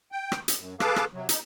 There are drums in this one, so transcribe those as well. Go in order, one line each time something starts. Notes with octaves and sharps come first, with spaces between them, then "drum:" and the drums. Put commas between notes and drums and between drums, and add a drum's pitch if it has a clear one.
G5
drum: rim click
drum: hi-hat
F#2
G#4 A4 B4 F5 A5 D6, drum: rim click
drum: rim click
C3 F#3
D#4, drum: hi-hat